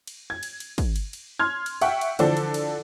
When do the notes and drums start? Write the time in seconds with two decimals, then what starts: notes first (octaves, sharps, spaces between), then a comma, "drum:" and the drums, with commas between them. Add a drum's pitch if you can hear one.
0.07 drum: cymbal
0.30 G#6
0.43 drum: cymbal
0.60 drum: cymbal
0.78 drum: kick, cymbal
0.96 drum: cymbal
1.13 drum: cymbal
1.39 C6 F6 G#6
1.66 drum: cymbal
1.81 E5 F#5 G5 C#6, drum: cymbal
2.01 drum: cymbal
2.19 D3 E3 F3 D4 A4 C5, drum: cymbal
2.37 drum: cymbal
2.54 drum: cymbal